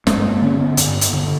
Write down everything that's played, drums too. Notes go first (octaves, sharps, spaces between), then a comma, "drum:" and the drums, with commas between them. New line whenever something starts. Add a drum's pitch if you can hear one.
G2 G#3, drum: snare
A#3
D3 C#4
B3
G2, drum: hi-hat
drum: hi-hat
D3